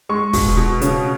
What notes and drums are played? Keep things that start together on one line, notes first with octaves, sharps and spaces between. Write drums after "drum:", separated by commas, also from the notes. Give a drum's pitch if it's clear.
G#3 C#6
B2, drum: kick, open hi-hat
B2
C#3, drum: hi-hat